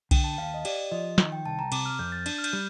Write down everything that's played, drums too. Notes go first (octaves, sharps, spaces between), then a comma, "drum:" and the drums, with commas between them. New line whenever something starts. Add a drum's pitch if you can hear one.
D3 G5, drum: kick B1, cymbal
A5
D#2 F5
D#5
G4 D5, drum: cymbal
F3 D#5
D#3, drum: snare
G5
C2 A5
A#5
C3 D6, drum: cymbal
F6
F2 G6
A6
D4, drum: cymbal
F6
G6, drum: cymbal
G3